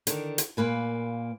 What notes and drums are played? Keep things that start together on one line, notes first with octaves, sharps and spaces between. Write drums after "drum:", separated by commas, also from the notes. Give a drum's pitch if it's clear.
D3 D#3, drum: hi-hat
drum: hi-hat
A#2 A#3 B4 G#5